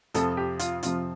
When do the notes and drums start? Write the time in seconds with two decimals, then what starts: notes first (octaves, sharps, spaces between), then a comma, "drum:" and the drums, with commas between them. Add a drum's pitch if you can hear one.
0.14 F2 C3 F3 A4, drum: hi-hat
0.37 G4
0.59 F4, drum: hi-hat
0.83 F2 C3 F3 F4, drum: hi-hat